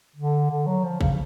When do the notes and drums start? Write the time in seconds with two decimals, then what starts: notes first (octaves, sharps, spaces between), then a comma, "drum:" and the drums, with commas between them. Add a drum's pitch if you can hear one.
0.16 D3
0.50 D3
0.67 F#3
0.84 F3
1.01 C#3, drum: kick A1